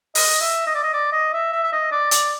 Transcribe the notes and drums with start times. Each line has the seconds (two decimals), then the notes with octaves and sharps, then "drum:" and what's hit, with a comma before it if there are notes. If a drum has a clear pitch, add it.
0.15 D#5, drum: open hi-hat
0.41 E5
0.67 D#5
0.75 D5
0.83 D#5
0.93 D5
1.13 D#5
1.33 E5
1.52 E5
1.63 E5
1.73 D#5
1.92 D5
2.11 D5, drum: hi-hat